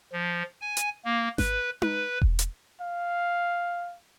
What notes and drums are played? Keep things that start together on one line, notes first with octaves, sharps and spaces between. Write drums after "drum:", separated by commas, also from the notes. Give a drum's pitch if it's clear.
F3
G#5
drum: hi-hat
A#3
B4, drum: snare G#1
B4, drum: tom D#4
drum: kick E1
drum: hi-hat
F5